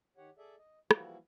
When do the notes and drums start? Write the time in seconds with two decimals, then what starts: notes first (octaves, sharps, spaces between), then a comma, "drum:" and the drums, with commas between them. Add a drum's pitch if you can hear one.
0.17 D#3 G4 C#5 F#5
0.38 G#4 A4 D5 E5
0.58 D#5
0.91 E3 F3 G3 A#3 E4 F#4, drum: rim click